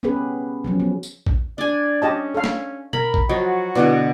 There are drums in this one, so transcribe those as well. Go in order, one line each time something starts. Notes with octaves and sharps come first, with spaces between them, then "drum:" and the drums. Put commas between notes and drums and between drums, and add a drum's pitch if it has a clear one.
B3 C#4 G4 G#4 B4
F3 F#3 C#4
B3
drum: tambourine
drum: kick
D4 D5 G#5
C#4 G4 D#5 A5
A4 F5
drum: snare
A#4 B5, drum: tom B2
drum: kick
F3 F#3 F#4 D#5
B2 D3 E3 D5 F#5